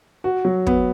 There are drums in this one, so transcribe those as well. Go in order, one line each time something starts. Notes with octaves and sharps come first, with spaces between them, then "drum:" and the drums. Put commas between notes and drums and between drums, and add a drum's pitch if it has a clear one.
F#4
F#3
B3, drum: kick